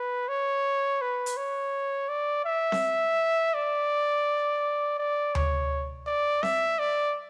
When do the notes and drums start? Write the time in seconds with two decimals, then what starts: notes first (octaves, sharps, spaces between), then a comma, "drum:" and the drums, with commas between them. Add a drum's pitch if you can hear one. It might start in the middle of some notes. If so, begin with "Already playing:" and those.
Already playing: B4
0.29 C#5
1.01 B4
1.26 drum: hi-hat
1.37 C#5
2.09 D5
2.45 E5
2.72 drum: snare C4
3.54 D5
4.98 D5
5.35 C#5, drum: tom D2
6.07 D5
6.43 E5, drum: snare C4
6.79 D5